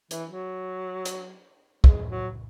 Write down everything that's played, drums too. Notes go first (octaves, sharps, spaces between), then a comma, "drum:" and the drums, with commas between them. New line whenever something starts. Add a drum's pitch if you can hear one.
E3, drum: hi-hat
F#3
drum: hi-hat
G#3, drum: kick
F#3